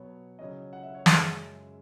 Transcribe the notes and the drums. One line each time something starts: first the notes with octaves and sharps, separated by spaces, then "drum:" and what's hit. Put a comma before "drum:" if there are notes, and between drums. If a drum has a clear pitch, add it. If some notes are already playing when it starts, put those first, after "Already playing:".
Already playing: B2 F#3 B3 C#5
C#3 F#3 C#4 D#5
F#5
E5
C#5
F#2 C#3 G#3 C#4 E5, drum: snare